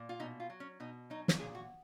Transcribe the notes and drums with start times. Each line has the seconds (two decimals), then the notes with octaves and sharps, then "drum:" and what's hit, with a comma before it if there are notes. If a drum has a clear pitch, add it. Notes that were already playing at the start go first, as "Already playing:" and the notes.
Already playing: A#2
0.09 F4
0.20 B2 D#4
0.40 F4
0.50 F#3
0.60 C#4
0.80 B2 D#4
1.10 F#3 D#4
1.28 drum: snare
1.39 A#2 G#4
1.55 F#4